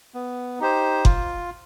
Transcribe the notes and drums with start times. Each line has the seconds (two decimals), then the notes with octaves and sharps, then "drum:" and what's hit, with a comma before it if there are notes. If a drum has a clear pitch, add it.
0.14 B3
0.60 D#4 G4 C5
1.05 F4, drum: kick F#1